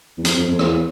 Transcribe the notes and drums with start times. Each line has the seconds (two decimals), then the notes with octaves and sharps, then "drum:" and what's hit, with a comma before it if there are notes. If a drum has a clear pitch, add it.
0.18 E2
0.25 F2, drum: hi-hat
0.36 F2
0.48 F2
0.59 E2, drum: rim click